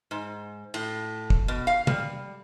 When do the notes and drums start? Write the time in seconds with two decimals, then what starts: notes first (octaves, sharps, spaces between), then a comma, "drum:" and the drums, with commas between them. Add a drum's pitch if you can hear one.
0.11 G#2
0.74 A2, drum: cymbal
1.30 drum: kick
1.48 B2
1.67 F5
1.87 G3, drum: tom